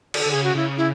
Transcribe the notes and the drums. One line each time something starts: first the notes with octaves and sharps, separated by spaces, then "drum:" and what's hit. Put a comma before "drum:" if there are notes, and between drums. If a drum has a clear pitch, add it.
D3, drum: cymbal
A4
D3
C#3 G#4
F#4
C#3 E4
E4